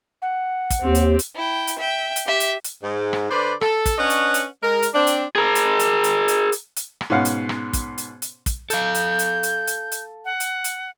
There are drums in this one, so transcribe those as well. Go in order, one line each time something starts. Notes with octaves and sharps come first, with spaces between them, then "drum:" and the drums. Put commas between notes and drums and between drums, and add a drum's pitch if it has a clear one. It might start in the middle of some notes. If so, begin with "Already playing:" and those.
F#5
drum: kick, hi-hat
D#2 C4 G4
drum: hi-hat
drum: hi-hat
E4 G5
drum: hi-hat
E5 G5
drum: hi-hat
G4 E5
drum: hi-hat
drum: hi-hat
G#2
drum: rim click
D3 B4 C5 D5
A4, drum: rim click
drum: kick, hi-hat
C#4 D4 B4 C#5 D#5 F#5
drum: hi-hat
drum: hi-hat
G#3 A#4
drum: hi-hat
C4 D4
drum: hi-hat
G#4 A#4
drum: hi-hat
drum: hi-hat
drum: hi-hat
drum: hi-hat
drum: hi-hat
drum: hi-hat
drum: rim click
G#2 B2 C#4 F5 F#5
drum: hi-hat
drum: rim click
drum: kick, hi-hat
drum: hi-hat
drum: hi-hat
drum: kick, hi-hat
A4 F5 G6, drum: hi-hat
drum: hi-hat
drum: hi-hat
drum: hi-hat
drum: hi-hat
drum: hi-hat
F#5
drum: hi-hat
drum: hi-hat